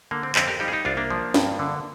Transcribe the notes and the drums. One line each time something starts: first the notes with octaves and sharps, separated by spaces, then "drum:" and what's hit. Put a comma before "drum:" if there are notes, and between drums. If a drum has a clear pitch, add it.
D3 A#3
C4
F2 C4, drum: clap
G4 A#4
G3 D#4 G4
G#4
D#4 G4
C2 D4 F4
A#3 D4
F3
G2, drum: snare
D3